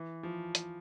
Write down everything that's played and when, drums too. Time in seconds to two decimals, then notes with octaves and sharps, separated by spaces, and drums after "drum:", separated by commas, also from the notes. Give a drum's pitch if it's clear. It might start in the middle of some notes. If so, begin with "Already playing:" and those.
Already playing: E3
0.23 F3
0.55 drum: hi-hat